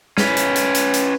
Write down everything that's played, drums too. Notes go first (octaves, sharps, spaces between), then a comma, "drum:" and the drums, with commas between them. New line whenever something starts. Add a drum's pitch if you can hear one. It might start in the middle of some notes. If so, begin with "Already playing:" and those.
C#4 B4, drum: snare
drum: hi-hat
drum: hi-hat
drum: hi-hat
drum: hi-hat